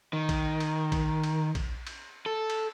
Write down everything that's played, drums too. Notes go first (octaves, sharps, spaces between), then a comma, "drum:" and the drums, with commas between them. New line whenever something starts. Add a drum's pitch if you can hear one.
D#3
drum: kick, cymbal
drum: cymbal
drum: kick, cymbal
drum: cymbal
drum: kick, cymbal
drum: cymbal
A4
drum: cymbal